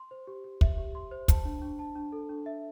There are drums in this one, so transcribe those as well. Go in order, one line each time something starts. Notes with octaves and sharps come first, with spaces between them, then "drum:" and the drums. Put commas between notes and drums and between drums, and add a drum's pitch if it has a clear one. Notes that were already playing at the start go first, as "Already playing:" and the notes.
Already playing: C6
C5
G4
G4
E5, drum: kick
G4
C6
C5
A5, drum: kick, hi-hat
D4
D4
A5
D4
A4
D4
E5